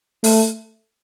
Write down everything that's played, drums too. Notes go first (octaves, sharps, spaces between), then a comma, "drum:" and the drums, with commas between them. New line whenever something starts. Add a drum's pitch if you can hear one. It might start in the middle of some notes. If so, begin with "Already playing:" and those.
A3, drum: open hi-hat